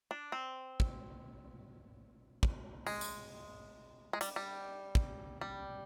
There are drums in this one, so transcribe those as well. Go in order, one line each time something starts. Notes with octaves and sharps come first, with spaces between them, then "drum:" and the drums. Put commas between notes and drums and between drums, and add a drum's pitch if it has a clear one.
D4
C4
drum: kick
drum: kick
G#3, drum: open hi-hat
drum: tambourine
G#3
G3, drum: hi-hat
G3
drum: kick
G3